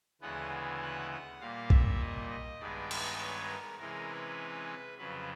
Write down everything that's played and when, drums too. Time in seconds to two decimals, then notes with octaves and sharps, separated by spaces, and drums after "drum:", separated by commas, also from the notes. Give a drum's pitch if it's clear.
0.21 D2 C#3 E3 G#3 B3 F#5
0.82 F#5
1.11 F#5
1.41 A#2 G3 A#3 F5
1.70 E5, drum: kick B1
2.01 D#5
2.30 D#5
2.60 G2 D#3 G#3 B3 D5
2.91 drum: cymbal
3.20 C#5
3.50 A#4
3.79 C3 E3 G#3 C#4 A#4
4.09 B4
4.98 F2 C#3 F#3 B4